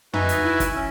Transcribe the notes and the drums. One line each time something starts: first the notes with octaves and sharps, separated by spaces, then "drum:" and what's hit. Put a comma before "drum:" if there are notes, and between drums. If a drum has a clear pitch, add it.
D#4 F#4 B4 E5 G#5, drum: tom
drum: hi-hat
E4
drum: kick, hi-hat
C#4